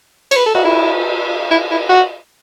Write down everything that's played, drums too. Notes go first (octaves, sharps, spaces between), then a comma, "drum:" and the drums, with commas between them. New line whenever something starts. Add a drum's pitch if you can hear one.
C#5, drum: cymbal
B4
A4
F#4, drum: cymbal
E4
E4
E4
F#4